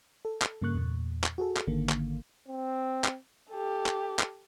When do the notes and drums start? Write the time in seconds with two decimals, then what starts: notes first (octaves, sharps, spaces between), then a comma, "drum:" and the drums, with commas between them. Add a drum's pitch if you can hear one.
0.25 A4
0.42 drum: clap
0.61 G2 C#3 A#3 C#6 F#6
0.75 E2 A#2
1.24 drum: clap
1.38 F#4 G#4 A4
1.57 drum: clap
1.67 G#1 D3 D#3 A#3
1.90 drum: clap
2.48 C4
3.04 drum: clap
3.51 G4 A4
3.86 drum: clap
4.19 drum: clap